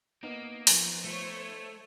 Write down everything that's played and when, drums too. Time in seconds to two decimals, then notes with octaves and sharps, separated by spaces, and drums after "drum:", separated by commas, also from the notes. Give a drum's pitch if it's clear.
0.23 A#3 B3 D#4
0.67 F3 F4 A#4, drum: open hi-hat
1.04 A3 C5 C#5